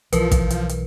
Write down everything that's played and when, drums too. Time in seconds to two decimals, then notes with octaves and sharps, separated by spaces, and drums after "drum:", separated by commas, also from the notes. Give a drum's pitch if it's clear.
0.13 B1 E3 F3 A#4 B4, drum: hi-hat
0.31 drum: kick, hi-hat
0.50 drum: hi-hat
0.69 drum: hi-hat